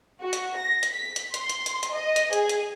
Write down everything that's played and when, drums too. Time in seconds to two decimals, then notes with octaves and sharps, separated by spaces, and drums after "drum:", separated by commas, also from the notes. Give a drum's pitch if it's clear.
0.21 F#4
0.33 drum: hi-hat
0.56 A#6
0.83 drum: hi-hat
0.93 B6
1.16 drum: hi-hat
1.34 C6, drum: hi-hat
1.49 drum: hi-hat
1.66 drum: hi-hat
1.83 drum: hi-hat
1.94 D#5
2.16 drum: hi-hat
2.33 G#4, drum: hi-hat
2.49 drum: hi-hat